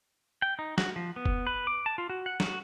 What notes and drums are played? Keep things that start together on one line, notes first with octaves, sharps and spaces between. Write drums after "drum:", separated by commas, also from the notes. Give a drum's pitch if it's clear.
G5
D#4
F#4, drum: snare
F3
B3
drum: kick F1
B4
D6
A5
F4
F#4
F#5
F#4, drum: snare